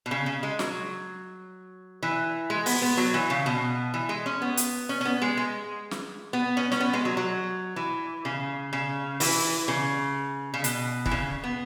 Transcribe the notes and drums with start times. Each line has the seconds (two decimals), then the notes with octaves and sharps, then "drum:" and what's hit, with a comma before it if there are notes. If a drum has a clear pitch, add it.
0.06 B2
0.11 C#3
0.26 C#3
0.43 G#3
0.59 F#3, drum: snare
2.03 E3
2.50 G#3
2.66 B3, drum: open hi-hat
2.82 B3
2.97 F#3
3.14 E3
3.30 C#3
3.46 B2
3.94 E3
4.09 G#3
4.26 C#4
4.42 B3
4.57 drum: hi-hat
4.89 C#4
5.01 C#4
5.05 B3
5.22 G#3
5.37 G#3
5.91 drum: snare
6.33 B3
6.57 C#4
6.72 C#4, drum: snare
6.80 B3
6.93 G#3
7.05 F#3
7.17 F#3
7.76 E3
8.25 C#3
8.73 C#3
9.20 E3, drum: open hi-hat
9.68 C#3
10.54 C#3
10.64 B2, drum: hi-hat
11.06 E3, drum: kick
11.11 C#3
11.44 B3